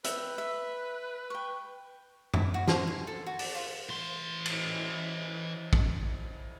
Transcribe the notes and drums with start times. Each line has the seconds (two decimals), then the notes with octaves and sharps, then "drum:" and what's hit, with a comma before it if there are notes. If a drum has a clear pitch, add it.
0.04 B4 E5 G5, drum: hi-hat
0.38 E5
1.30 G5 C#6
2.34 E4, drum: tom F#2
2.54 F#4
2.68 C6, drum: snare
2.87 G#5
3.07 A4
3.26 F#4
3.39 D5, drum: open hi-hat
3.55 F4
3.89 E3 C6
4.45 drum: cymbal
5.73 drum: kick